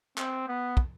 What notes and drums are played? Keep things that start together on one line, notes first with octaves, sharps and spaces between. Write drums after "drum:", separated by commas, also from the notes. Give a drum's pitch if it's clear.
C4, drum: clap
B3
drum: kick